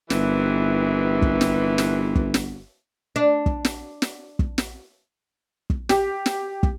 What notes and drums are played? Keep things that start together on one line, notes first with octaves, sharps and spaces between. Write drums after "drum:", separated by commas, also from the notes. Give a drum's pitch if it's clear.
G1 C3 D#3 E3, drum: snare
drum: kick
drum: snare
drum: snare
drum: kick
drum: snare
D4
drum: kick
drum: snare
drum: snare
drum: kick
drum: snare
drum: kick
G4, drum: snare
drum: snare
drum: kick